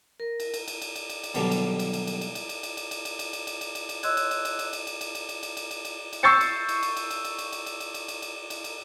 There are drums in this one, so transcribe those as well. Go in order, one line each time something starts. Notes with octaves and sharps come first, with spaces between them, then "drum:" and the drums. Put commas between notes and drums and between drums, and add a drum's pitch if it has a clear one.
A#4
drum: cymbal
drum: cymbal
drum: cymbal
drum: cymbal
drum: cymbal
drum: cymbal
drum: cymbal
D#2 B2 D3 F#3 G3, drum: cymbal
drum: cymbal
drum: cymbal
drum: cymbal
drum: cymbal
drum: cymbal
drum: cymbal
drum: cymbal
drum: cymbal
drum: cymbal
drum: cymbal
drum: cymbal
drum: cymbal
drum: cymbal
drum: cymbal
drum: cymbal
drum: cymbal
drum: cymbal
C#5 D#5 C6 E6 F#6 G#6, drum: cymbal
drum: cymbal
drum: cymbal
drum: cymbal
drum: cymbal
drum: cymbal
drum: cymbal
drum: cymbal
drum: cymbal
drum: cymbal
drum: cymbal
drum: cymbal
drum: cymbal
drum: cymbal
drum: cymbal
C#6 E6 G6 A6 C7 C#7
drum: cymbal
drum: cymbal
drum: cymbal
drum: cymbal
drum: cymbal
drum: cymbal
drum: cymbal
drum: cymbal
drum: cymbal
drum: cymbal
drum: cymbal
drum: cymbal
drum: cymbal
drum: cymbal
drum: cymbal